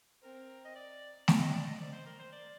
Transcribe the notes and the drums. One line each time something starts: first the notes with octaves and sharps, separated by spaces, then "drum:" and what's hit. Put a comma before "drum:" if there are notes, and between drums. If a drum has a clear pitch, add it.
C4 A#4
D#5
D5
drum: snare A3
D#5
D5
D#5
C4 D5
C5
A#4
C5
D5